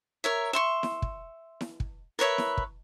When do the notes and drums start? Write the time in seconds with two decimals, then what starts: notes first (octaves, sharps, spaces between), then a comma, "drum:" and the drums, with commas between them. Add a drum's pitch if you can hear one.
0.24 A#4 C#5 E5
0.53 E5 C6 C#6
0.83 drum: snare E4
1.02 drum: kick
1.61 drum: snare E4
1.80 drum: kick
2.19 A#4 B4 C#5 E5
2.38 drum: snare E4
2.58 drum: kick